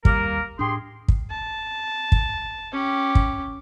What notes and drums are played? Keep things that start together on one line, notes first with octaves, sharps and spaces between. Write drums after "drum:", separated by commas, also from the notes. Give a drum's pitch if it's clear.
D#2 G3 A#3 A#4, drum: kick
A2 D4 G4 G#4 C6
drum: kick
A5
drum: kick
C#4 G4
drum: kick